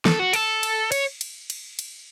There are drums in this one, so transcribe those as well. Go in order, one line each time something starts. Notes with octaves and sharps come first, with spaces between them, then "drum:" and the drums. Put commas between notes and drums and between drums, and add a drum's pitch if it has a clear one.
A4, drum: snare
F#4
A4, drum: cymbal
drum: cymbal
C#5, drum: cymbal
drum: cymbal
drum: cymbal
drum: cymbal